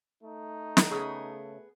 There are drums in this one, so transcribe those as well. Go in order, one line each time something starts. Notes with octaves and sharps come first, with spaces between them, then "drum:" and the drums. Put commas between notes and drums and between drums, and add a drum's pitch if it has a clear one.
A3 D#4
drum: snare
C#3 B3 G#4